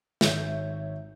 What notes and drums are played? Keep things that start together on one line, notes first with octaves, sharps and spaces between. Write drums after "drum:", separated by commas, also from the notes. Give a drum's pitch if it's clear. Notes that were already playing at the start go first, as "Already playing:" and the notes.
G#1 C#5 E5 G6, drum: snare